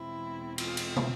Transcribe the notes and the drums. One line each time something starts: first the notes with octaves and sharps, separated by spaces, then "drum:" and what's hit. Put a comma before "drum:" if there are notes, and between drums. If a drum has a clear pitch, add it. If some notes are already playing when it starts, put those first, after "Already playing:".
Already playing: E2 B2 G#3 C4 E4
F4, drum: cymbal
drum: cymbal
drum: tom